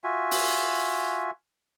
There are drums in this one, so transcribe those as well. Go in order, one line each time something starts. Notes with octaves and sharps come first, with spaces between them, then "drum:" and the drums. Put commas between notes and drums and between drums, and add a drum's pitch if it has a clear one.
F4 F#4 E5 G#5
drum: open hi-hat